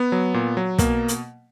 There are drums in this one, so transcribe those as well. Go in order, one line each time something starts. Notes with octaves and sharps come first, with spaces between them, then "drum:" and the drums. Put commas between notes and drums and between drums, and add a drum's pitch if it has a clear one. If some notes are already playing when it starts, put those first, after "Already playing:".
Already playing: B3
F#3
A#2
F#3
B2 A#3, drum: kick, hi-hat
drum: hi-hat